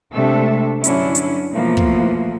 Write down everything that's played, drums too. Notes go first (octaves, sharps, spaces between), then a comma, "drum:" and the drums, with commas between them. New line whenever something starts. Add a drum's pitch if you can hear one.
C3 G#3 A3 D4 A4 E5
G2 D3 F#3 C#4 D4 E4, drum: hi-hat
drum: hi-hat
B2 E3 F3 A3 A#3
drum: kick